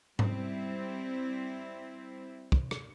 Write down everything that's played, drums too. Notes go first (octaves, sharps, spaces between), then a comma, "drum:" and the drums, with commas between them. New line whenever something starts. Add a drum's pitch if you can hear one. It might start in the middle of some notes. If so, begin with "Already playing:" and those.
G3 C4 E4, drum: tom G#2
drum: kick
drum: rim click